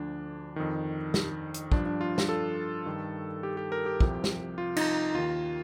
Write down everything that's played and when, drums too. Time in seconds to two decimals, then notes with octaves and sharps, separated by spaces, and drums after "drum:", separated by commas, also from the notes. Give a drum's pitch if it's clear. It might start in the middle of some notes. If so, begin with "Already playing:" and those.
Already playing: D2 D3 F3 D4
0.56 F2 D#3
1.14 drum: snare
1.54 drum: hi-hat
1.72 G2 F3 D4, drum: kick
1.86 D4
2.01 F4
2.18 drum: snare
2.29 A4
2.86 G2 D#3
3.43 G4
3.57 G4
3.72 A#4
3.86 G4
4.00 C2 C3 F3, drum: kick
4.24 drum: snare
4.58 F4
4.77 D#4, drum: cymbal
5.15 D#2 D#3 F4